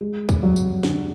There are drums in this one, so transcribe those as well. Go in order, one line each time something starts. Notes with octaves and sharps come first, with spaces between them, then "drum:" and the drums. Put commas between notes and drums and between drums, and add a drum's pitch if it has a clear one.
G#3
drum: kick C#2, tambourine
F#3
drum: tambourine
D3, drum: snare